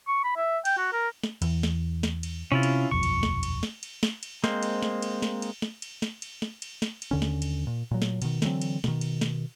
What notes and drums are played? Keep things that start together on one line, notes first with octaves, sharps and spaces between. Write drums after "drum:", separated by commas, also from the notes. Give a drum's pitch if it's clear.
C#6
B5
E5
G5, drum: cymbal
F#4
A#4
drum: snare
E2, drum: cymbal
drum: snare
drum: snare
drum: cymbal
C3 C#4 E4 F4
drum: cymbal
D#1 B1 F2 C#6
drum: cymbal
drum: snare
drum: cymbal
drum: snare
drum: cymbal
drum: snare
drum: cymbal
G#3 A#3 C4 C5, drum: snare
drum: cymbal
drum: snare
drum: cymbal
drum: snare
drum: cymbal
drum: snare
drum: cymbal
drum: snare
drum: cymbal
drum: snare
drum: cymbal
drum: snare
drum: cymbal
D#2 D3 C#4
drum: snare
drum: cymbal
A#2
A#2 F#3
drum: snare
B2 D#3, drum: cymbal
D3 E3 F#3 C4, drum: snare
drum: cymbal
B2 D#3, drum: snare
drum: cymbal
drum: snare